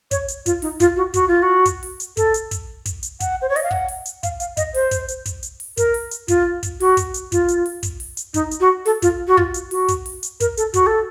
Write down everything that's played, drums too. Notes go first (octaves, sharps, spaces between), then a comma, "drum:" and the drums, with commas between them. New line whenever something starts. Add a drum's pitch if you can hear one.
C#5, drum: kick, hi-hat
drum: hi-hat
F4, drum: kick, hi-hat
D#4, drum: open hi-hat
F4, drum: kick, hi-hat
F#4
F#4, drum: kick, hi-hat
F4
F#4
drum: kick, hi-hat
drum: open hi-hat
drum: hi-hat
A4, drum: kick, hi-hat
drum: hi-hat
drum: kick, hi-hat
drum: kick, hi-hat
drum: hi-hat
F#5, drum: kick, hi-hat
C5
C#5
D#5, drum: open hi-hat
F5
F#5, drum: kick
drum: open hi-hat
drum: hi-hat
F5, drum: kick, hi-hat
F5, drum: hi-hat
D#5, drum: kick, hi-hat
C5, drum: open hi-hat
drum: kick, hi-hat
drum: hi-hat
drum: kick, hi-hat
drum: hi-hat
drum: open hi-hat
A#4, drum: kick, hi-hat
drum: open hi-hat
drum: hi-hat
F4, drum: kick, hi-hat
drum: kick, hi-hat
F#4, drum: open hi-hat
drum: kick, hi-hat
drum: hi-hat
F4, drum: kick, hi-hat
drum: hi-hat
drum: open hi-hat
drum: kick, hi-hat
drum: open hi-hat
drum: hi-hat
D#4, drum: kick, hi-hat
drum: hi-hat
F#4
A4, drum: open hi-hat
F4, drum: kick, hi-hat
F#4
F4, drum: kick
drum: hi-hat
F#4, drum: open hi-hat
drum: kick, hi-hat
drum: open hi-hat
drum: hi-hat
A#4, drum: kick, hi-hat
A4, drum: hi-hat
F#4, drum: kick, hi-hat
A4